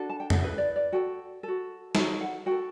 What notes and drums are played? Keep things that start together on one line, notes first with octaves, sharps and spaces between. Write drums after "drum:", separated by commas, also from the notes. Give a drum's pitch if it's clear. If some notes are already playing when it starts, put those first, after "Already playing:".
Already playing: D4 F#4 A4
A5
G5
F#5, drum: tom F2
E4 B4 E5
D5
D5
F#4 A4 G5
F#4 A4
F#4 A4 A5, drum: snare
F#5
F#4 A4 G5